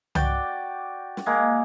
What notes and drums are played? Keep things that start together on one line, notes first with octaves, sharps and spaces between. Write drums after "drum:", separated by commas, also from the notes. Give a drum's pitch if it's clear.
F#4 D5 G5 D6, drum: tom C2
drum: snare
G#3 A#3